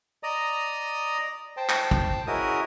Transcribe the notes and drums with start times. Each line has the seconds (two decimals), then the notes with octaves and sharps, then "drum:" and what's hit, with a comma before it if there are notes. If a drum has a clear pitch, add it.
0.23 D5 D#5 A#5 D#6
1.57 C5 G5 A5
1.69 drum: clap
1.91 drum: kick
2.27 G#3 C#4 E4 F#4 A#4 D#6